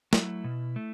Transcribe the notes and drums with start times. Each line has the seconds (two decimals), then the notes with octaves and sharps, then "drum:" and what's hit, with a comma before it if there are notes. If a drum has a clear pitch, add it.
0.13 F#3 A3 E4, drum: snare
0.44 B2
0.76 A3